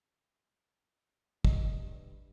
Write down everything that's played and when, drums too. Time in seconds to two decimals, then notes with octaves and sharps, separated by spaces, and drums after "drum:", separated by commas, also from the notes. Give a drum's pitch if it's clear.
1.45 G2 D#5, drum: kick